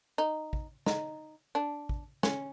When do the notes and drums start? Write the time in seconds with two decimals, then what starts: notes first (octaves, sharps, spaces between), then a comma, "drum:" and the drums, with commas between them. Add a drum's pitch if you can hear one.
0.18 D#4
0.53 drum: kick
0.86 D#4, drum: snare
1.55 D4
1.89 drum: kick
2.23 C#4, drum: snare